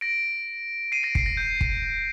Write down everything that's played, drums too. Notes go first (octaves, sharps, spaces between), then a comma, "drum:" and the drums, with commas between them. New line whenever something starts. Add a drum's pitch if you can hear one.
A#6 D7
C7 D#7
A#6 D7
C7, drum: kick
A#6
G6
drum: kick